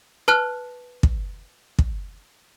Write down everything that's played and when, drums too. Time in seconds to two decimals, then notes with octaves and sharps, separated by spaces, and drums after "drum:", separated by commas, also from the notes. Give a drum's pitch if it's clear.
0.28 B4 A5 F6 F#6
1.03 drum: kick
1.79 drum: kick